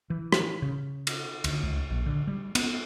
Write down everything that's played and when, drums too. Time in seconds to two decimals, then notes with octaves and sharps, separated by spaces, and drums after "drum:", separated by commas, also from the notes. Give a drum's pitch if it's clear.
0.10 E3
0.32 drum: rim click
0.62 C#3
1.07 drum: cymbal
1.44 D2, drum: cymbal
1.63 C#2
1.90 A#1
2.06 D3
2.27 G3
2.55 B3, drum: cymbal